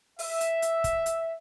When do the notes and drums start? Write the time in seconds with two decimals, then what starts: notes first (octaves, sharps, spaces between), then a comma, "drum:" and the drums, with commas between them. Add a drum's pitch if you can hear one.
0.19 E5, drum: open hi-hat
0.40 drum: hi-hat
0.62 drum: hi-hat
0.84 drum: kick, hi-hat
1.06 drum: hi-hat